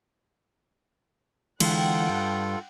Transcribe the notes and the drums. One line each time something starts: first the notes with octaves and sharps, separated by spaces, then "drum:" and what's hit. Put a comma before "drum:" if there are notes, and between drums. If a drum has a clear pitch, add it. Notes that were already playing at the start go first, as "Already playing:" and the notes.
D3 E3 G#3 F4 A4 F#5 G5, drum: cymbal
G2